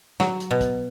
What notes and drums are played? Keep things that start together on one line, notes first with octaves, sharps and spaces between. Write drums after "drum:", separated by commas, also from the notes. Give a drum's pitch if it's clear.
F#3, drum: snare
drum: hi-hat
B2
drum: kick, hi-hat